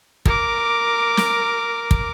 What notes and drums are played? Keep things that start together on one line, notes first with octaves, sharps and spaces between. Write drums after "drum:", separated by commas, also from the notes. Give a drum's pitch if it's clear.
A#4 D6, drum: kick
drum: snare
drum: kick